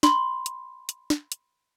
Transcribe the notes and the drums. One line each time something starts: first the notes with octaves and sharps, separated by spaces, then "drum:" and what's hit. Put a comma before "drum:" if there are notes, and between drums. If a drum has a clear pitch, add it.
B5 C6, drum: snare
drum: hi-hat
drum: hi-hat
drum: snare
drum: hi-hat